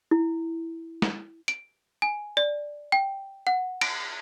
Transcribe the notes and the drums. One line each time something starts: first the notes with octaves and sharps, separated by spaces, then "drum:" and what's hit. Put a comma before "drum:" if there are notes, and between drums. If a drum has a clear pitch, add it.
E4
drum: snare
D7, drum: hi-hat
G#5
D5
G5
F#5
D7, drum: cymbal